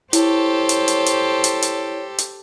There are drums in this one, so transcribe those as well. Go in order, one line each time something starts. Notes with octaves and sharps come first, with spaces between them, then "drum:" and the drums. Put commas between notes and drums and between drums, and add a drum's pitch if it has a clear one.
E4 G4 A4 C5 C#5, drum: hi-hat
drum: hi-hat
drum: hi-hat
drum: hi-hat
drum: hi-hat
drum: hi-hat
drum: hi-hat